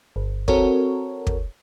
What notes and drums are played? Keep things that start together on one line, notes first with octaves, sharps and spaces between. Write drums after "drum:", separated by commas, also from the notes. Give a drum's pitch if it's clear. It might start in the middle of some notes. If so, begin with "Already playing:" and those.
G1
C4 F#4 A4 A#4 C#5, drum: kick
drum: kick